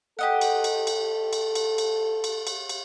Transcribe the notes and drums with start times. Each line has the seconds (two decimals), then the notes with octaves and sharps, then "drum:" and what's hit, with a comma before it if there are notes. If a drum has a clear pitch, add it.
0.19 G4 A4 D#5 F#5
0.41 drum: cymbal
0.64 drum: cymbal
0.87 drum: cymbal
1.33 drum: cymbal
1.55 drum: cymbal
1.78 drum: cymbal
2.24 drum: cymbal
2.47 drum: cymbal
2.69 drum: cymbal